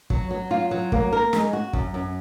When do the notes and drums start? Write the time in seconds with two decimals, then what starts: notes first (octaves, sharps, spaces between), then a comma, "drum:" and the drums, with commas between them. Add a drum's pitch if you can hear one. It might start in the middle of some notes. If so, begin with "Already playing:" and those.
0.10 F#3, drum: kick
0.31 F#3
0.51 F4
0.71 F#3
0.92 A#3, drum: kick
1.12 A#4
1.33 G#3, drum: snare
1.53 F#4
1.73 F#2, drum: kick
1.94 F#2